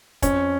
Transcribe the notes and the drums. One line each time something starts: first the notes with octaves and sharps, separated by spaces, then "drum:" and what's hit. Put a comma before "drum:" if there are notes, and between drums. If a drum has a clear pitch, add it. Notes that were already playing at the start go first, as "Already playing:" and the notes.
F2 C#4, drum: kick, hi-hat